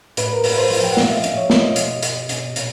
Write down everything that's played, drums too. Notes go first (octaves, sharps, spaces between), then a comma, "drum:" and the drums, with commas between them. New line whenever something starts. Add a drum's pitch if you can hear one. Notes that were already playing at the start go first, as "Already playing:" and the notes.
A2 B4, drum: hi-hat
A#4
A2 B4, drum: open hi-hat
C5
F3, drum: open hi-hat
G5
F#5
A#2 F5, drum: snare
E5
D#5
A#2, drum: hi-hat
C#5
F3, drum: snare
D#5
B2, drum: hi-hat
B2, drum: hi-hat
B2, drum: hi-hat
A#2, drum: hi-hat